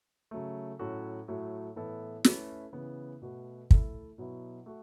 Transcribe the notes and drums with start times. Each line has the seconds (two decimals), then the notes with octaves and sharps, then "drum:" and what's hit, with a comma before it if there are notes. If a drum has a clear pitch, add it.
0.31 C#3 F#3 A3
0.79 A2 F#3 C#4 F#4 A4
1.28 A2 F#3 A3 F#4
1.76 A2 E3 B3 E4 A4
2.24 A3 C#4 E4 B4, drum: snare
2.73 C#3 E3 B3
3.22 B2 A3 F#4 B4
3.71 A3 E4 A4, drum: kick
4.18 B2 F#3 B3 E4
4.66 A3 F#4